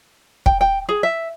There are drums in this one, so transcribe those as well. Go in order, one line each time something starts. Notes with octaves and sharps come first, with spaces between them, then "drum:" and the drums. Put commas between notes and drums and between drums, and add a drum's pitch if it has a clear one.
G5, drum: kick
G5
G#4
E5